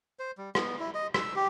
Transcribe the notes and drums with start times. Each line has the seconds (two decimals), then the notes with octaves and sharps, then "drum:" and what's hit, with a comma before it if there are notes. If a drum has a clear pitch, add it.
0.19 C5
0.38 G3
0.55 B3, drum: rim click
0.80 E4
0.94 D#5
1.14 E6, drum: rim click
1.36 G4